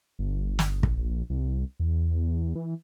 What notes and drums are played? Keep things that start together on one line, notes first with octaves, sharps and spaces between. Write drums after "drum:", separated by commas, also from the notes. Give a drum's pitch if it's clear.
G1
drum: snare
A#1, drum: kick
C2
E2
E3